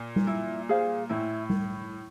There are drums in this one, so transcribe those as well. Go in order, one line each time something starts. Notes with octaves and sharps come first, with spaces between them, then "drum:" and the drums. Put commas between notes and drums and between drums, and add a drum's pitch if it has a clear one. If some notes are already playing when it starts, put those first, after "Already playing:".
Already playing: A#2
drum: tom G3
E4
G#4 C5 F5
A2 E4
drum: tom G3